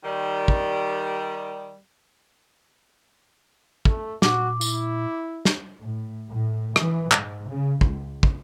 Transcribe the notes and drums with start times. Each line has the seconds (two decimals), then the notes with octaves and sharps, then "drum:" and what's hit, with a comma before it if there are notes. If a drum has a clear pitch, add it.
0.04 D#3 G3
0.48 drum: kick
3.85 A3, drum: kick
4.22 A#2 F#4 D6, drum: snare
4.61 E4, drum: tambourine
5.45 drum: snare
5.79 A2
6.29 A2
6.76 E3, drum: rim click
7.11 G#2, drum: clap
7.49 C#3
7.81 C#2, drum: kick
8.23 drum: kick